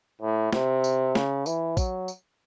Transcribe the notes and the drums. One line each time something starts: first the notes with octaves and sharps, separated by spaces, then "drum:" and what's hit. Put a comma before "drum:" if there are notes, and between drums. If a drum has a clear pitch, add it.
A2
C3, drum: snare
drum: tambourine
C#3, drum: snare
E3, drum: tambourine
F#3, drum: kick A1, tambourine
drum: tambourine